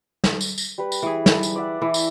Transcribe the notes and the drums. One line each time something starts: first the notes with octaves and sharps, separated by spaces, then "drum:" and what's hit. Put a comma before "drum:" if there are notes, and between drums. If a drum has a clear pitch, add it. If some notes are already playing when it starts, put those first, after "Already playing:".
drum: snare
drum: tambourine
drum: tambourine
G3 B4
drum: tambourine
E3 G#4
A5, drum: snare
drum: tambourine
D5 E5 F#5
E3 E4
drum: tambourine